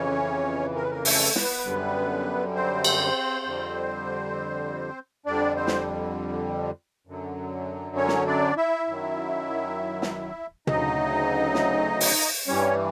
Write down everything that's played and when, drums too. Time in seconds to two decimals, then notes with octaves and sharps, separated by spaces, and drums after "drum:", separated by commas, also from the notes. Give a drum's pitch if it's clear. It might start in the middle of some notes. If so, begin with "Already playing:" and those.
Already playing: F2 C#3 E3 C#4 C#5
0.75 A#4
0.83 B4
0.91 A#3 A#4
1.05 A3 A4, drum: open hi-hat
1.36 B3 B4, drum: snare
1.65 F#2 D3 G3
2.56 C4 C5
2.84 drum: cymbal
3.45 F2 D3 G3
5.26 F2 D3 G3 D4 D5
5.56 C4 C5
5.67 drum: snare
7.07 F#2 D3 F#3
7.96 C#4 C#5
8.08 drum: snare
8.27 D4 D5
8.57 E4 E5
8.87 F#2 D#3 F#3
10.02 drum: snare
10.67 D2 C#3 F#3 D#4 D#5, drum: tom
11.54 drum: snare
12.01 drum: open hi-hat
12.48 G2 E3 G3 C#4 C#5